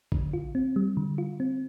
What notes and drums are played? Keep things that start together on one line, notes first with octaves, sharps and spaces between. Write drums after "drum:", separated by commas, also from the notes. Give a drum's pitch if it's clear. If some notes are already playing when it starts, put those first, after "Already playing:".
D3, drum: kick
F4
C4
G3
D3
F4
C4